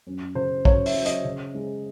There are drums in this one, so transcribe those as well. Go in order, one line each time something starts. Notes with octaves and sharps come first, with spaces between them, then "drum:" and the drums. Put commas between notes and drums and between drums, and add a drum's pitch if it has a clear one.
F#2
C#3 C5
F#3 C#5, drum: kick
E5, drum: open hi-hat
F#3
D#5, drum: hi-hat
C#3
G#3